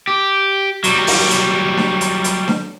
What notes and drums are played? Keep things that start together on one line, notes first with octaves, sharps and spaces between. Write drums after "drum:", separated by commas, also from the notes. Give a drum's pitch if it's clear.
G4
F#3 G3, drum: hi-hat
drum: open hi-hat
drum: hi-hat
drum: snare D4
drum: hi-hat
drum: hi-hat
drum: snare D4